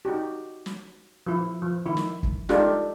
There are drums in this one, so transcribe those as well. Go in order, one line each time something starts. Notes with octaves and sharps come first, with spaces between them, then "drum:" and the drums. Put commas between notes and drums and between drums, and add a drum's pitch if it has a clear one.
D#4 F#4 G4
drum: snare
F3 E4
F3
D#3 E4
drum: snare
drum: kick
G#3 D4 D#4 F4 G4 A4, drum: snare